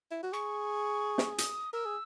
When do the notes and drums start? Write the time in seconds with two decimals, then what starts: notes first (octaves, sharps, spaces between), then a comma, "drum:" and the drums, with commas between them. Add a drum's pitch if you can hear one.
0.11 E4
0.23 F#4
0.33 G#4 C#6
1.18 drum: snare
1.38 D#6, drum: hi-hat
1.73 A#4 E6
1.86 G#4